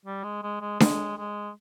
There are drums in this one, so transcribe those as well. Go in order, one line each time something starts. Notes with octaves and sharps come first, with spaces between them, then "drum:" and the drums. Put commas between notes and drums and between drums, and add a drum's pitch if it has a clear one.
G3
G#3
G#3
G#3
G#3, drum: snare D4
G#3